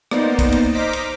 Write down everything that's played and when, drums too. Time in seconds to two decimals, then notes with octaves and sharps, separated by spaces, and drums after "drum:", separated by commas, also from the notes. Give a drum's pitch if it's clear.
0.11 A#3 B3 D#4 C5 D5, drum: rim click
0.39 drum: kick, cymbal
0.52 drum: cymbal
0.73 C5 D#5 A#5 D6 F6 B6
0.93 drum: cymbal